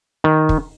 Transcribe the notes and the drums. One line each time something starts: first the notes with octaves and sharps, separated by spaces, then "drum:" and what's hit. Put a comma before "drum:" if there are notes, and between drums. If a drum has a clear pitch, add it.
D#3
drum: kick